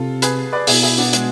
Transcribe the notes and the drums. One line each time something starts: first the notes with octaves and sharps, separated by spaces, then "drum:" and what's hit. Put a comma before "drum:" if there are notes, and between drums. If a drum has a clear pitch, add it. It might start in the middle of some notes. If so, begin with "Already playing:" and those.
Already playing: C3 F4 A4
G#4 B4, drum: hi-hat
B4 D5
B2 E4 G#4, drum: open hi-hat
E4 G#4
B3 D4
G#3, drum: hi-hat